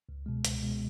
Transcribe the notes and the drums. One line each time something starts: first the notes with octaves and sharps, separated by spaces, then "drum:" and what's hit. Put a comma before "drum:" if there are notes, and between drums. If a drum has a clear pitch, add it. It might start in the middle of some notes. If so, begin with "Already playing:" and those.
C#2
B2 G#3
C#2, drum: hi-hat
B2 G#3